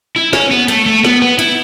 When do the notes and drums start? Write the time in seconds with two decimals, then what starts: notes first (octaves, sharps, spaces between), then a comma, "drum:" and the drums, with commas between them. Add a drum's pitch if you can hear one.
0.16 E4
0.33 C#4, drum: snare
0.51 B3
0.68 A3, drum: hi-hat
0.86 A3
1.05 B3, drum: snare
1.22 B3
1.39 E4, drum: hi-hat